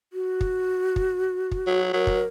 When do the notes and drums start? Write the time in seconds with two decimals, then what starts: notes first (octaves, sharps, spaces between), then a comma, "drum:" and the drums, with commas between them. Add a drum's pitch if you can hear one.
0.13 F#4
0.41 drum: kick
0.96 drum: kick
1.51 drum: kick
1.67 F#3
1.93 F#3 A#4
2.07 drum: kick